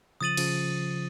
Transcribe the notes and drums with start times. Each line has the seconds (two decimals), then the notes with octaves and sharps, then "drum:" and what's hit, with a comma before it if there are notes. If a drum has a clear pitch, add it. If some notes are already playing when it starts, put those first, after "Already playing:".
0.21 C#3 F3 D#6 A6 D#7 F#7
0.37 C#3 F3, drum: cymbal